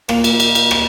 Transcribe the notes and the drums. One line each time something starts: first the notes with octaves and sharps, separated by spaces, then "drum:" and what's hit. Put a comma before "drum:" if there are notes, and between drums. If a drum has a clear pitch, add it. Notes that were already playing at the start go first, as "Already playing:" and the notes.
A#2 A#3 F5, drum: rim click
drum: cymbal
drum: cymbal
drum: cymbal
drum: rim click